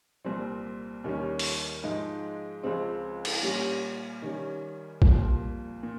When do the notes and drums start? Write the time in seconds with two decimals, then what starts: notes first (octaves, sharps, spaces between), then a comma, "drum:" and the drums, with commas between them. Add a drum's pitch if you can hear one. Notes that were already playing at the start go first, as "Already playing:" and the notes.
0.25 C2 A#2 G3 C4
1.04 D#2 D#3 G3 C#4
1.39 drum: open hi-hat
1.83 G#2 F3 G#3 D#4 G#4
2.63 C#2 C#3 F3 G#3 C4
3.25 drum: cymbal
3.43 A#2 G3 C#4 G4
4.22 D#3 G3 C#4
5.02 C2 A#2 F3, drum: kick
5.83 A#2